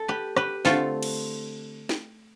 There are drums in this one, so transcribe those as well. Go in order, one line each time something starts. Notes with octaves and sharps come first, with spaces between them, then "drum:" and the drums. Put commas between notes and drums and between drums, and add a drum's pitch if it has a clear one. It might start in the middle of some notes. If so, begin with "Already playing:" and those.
Already playing: A4
G4 B4
G4 B4, drum: rim click
D3 A3 C4 F4 A4, drum: snare
drum: cymbal
drum: snare